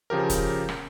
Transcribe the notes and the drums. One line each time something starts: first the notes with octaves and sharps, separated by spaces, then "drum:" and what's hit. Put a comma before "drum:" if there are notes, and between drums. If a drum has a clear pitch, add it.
C#3 F3 G4 A#4
drum: kick, hi-hat
drum: rim click